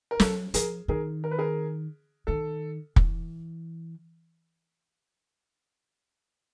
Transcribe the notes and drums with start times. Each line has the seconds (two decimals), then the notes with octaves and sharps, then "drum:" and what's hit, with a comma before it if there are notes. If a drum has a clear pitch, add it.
0.11 A#4
0.20 F#3 A4, drum: snare
0.54 F3 G#4 A#4, drum: hi-hat
0.88 D#3 G#4 A#4
1.24 A#4
1.31 B4
1.39 G#4 A#4
2.27 D#3 A4
2.96 E3, drum: kick